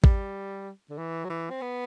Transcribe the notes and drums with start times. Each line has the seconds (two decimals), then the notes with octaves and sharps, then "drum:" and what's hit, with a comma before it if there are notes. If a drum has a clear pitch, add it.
0.04 G3, drum: kick G#1
0.90 D3
0.98 E3
1.25 F#3
1.30 E3
1.51 C4
1.62 B3